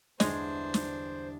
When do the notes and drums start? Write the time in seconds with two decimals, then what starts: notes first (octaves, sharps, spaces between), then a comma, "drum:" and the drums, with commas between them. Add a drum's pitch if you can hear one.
0.20 G1 E2 G#3 D4 C5 C#5 D#5, drum: snare
0.74 drum: snare